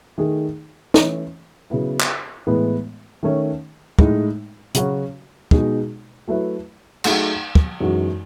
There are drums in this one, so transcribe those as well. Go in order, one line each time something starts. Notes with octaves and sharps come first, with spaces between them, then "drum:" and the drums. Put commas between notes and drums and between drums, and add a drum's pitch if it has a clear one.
D#3 A3 D#4 G#4
E3 A3 C#4, drum: snare
C#3 F#3 B3 E4
drum: clap
A2 E3 G#3 B3
D#3 A3 C#4
A2 G#3 D#4, drum: kick
C#3 F#3 C#4 F#4, drum: hi-hat
B2 G#3 D#4 G#4, drum: kick
F#3 A3 E4 B4
F#3 A3 D#4 G#4, drum: cymbal
drum: kick
F#2 E3 G#3 D#4 F#4